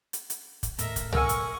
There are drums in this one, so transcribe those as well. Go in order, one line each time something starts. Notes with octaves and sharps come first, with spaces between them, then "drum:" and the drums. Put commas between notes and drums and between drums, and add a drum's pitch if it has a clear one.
drum: hi-hat
drum: hi-hat
drum: kick, hi-hat
D#1 A2 A4 A#4 D#5 E5 A#5, drum: hi-hat
drum: kick, hi-hat
A4 A#4 F#5 G#5 C#6 E6 F6, drum: tom
drum: hi-hat